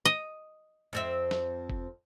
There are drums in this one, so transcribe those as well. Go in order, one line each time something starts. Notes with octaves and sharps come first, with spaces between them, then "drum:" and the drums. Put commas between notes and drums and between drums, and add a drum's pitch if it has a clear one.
D#5
F2 C4 E5
drum: snare
drum: kick F#1